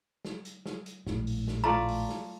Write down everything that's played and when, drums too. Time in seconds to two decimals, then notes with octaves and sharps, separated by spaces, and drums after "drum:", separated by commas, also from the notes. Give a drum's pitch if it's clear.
0.25 drum: snare
0.45 drum: hi-hat
0.66 drum: snare
0.86 drum: hi-hat
1.07 A#1 A2, drum: snare
1.27 drum: open hi-hat
1.48 drum: snare
1.64 A3 F4 D5 A#5
1.89 drum: open hi-hat
2.09 drum: snare